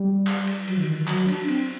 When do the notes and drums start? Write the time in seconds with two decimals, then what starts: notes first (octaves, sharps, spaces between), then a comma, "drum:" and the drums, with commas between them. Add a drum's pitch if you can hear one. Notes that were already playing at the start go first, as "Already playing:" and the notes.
Already playing: G3
0.27 drum: clap
0.47 drum: cymbal
0.67 F#3, drum: cymbal
0.77 D#3
0.88 D#3
0.98 D#3
1.08 F#3, drum: clap
1.28 D4, drum: cymbal
1.48 C4, drum: cymbal